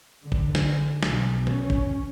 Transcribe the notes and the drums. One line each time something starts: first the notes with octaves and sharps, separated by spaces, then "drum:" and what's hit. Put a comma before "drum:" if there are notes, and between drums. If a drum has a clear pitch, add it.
D3
drum: kick
drum: snare
B1, drum: snare
C#4, drum: tom
drum: kick